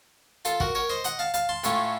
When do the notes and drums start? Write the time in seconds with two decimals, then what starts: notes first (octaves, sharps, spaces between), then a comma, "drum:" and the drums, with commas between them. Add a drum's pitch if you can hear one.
0.45 F4 A4, drum: hi-hat
0.60 F#4 A#4, drum: kick
0.75 A#4 C#5
0.90 C5 D#5
1.04 D#5 F#5, drum: hi-hat
1.19 F5 A5
1.34 F5 A5, drum: hi-hat
1.49 A5 C6
1.64 A2 A3 C#4 F4, drum: hi-hat